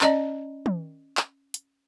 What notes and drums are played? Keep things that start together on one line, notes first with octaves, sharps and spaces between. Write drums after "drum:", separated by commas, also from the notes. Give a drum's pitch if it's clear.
C#4 D5 D#5 A#5, drum: clap
drum: tom
drum: clap
drum: hi-hat